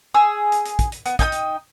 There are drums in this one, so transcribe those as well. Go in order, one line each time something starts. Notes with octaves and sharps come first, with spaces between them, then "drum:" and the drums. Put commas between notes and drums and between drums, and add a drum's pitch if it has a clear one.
G#4 E6
drum: hi-hat
drum: hi-hat
drum: kick, hi-hat
drum: hi-hat
B3, drum: hi-hat
D#4 G5 G#5 D#6, drum: kick, hi-hat
drum: hi-hat